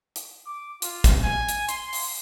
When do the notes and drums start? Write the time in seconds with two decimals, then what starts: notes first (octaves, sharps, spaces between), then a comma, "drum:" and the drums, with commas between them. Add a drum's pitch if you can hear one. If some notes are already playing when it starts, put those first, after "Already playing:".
0.16 drum: hi-hat
0.46 D6
0.82 F4, drum: hi-hat
1.04 drum: kick, hi-hat
1.23 G#5
1.49 drum: hi-hat
1.69 C6, drum: hi-hat
1.93 drum: open hi-hat